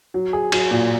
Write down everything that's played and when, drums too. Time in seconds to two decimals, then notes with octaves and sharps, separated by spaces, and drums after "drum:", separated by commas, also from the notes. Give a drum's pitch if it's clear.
0.14 F#3
0.33 G#4
0.52 F#3, drum: cymbal
0.71 A#2